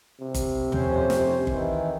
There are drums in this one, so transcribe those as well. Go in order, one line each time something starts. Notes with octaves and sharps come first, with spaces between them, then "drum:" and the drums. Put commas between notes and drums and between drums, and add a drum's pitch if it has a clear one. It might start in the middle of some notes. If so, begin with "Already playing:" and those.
C3
drum: kick G1, hi-hat
F2 C#4 C5, drum: tom
drum: snare
D#3 E3, drum: kick G1